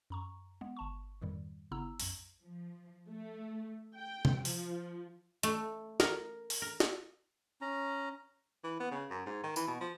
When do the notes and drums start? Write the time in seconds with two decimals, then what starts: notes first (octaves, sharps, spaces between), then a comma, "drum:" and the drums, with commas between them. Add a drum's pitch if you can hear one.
0.10 F#2 A#5 C#6
0.61 G#3 B3
0.77 G1 A5 C#6
1.22 F2 G#2 D#3 G3
1.71 G1 C#3 B3 E4 A#5 E6
2.00 B1 F#2, drum: open hi-hat
2.42 F3
3.09 A3
3.96 G5
4.25 drum: tom C3
4.45 F3, drum: open hi-hat
5.43 A3, drum: hi-hat
6.00 A#4, drum: snare
6.50 drum: open hi-hat
6.62 A#4
6.80 drum: snare
7.61 C#4 A#5
8.64 E3
8.80 B3
8.91 C#3
9.10 F#2
9.26 G#2
9.43 D#3
9.56 E3, drum: tambourine
9.67 B2
9.80 F3